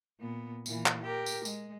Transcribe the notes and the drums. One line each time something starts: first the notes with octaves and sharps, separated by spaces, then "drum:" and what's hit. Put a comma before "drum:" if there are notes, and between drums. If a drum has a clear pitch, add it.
A#2 B3
A#2 E3, drum: tambourine
drum: clap
G4 A#4
drum: tambourine
G#3, drum: tambourine